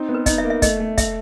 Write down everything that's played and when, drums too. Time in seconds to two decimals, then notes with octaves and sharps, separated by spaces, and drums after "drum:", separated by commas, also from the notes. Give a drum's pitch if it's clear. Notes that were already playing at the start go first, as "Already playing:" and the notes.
Already playing: C4 D#4
0.09 B3
0.14 B4
0.26 D#4 D#5, drum: kick, hi-hat
0.38 E5
0.44 A#3
0.50 E5
0.62 A3 D#5, drum: kick, hi-hat
0.80 A3
0.98 A3 E5, drum: kick, hi-hat